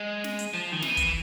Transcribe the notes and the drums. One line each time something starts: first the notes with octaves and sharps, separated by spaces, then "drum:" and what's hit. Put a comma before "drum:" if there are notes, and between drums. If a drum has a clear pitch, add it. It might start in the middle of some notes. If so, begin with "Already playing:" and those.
Already playing: G#3
drum: snare
drum: hi-hat
F3
D#3
E3, drum: snare
drum: kick, hi-hat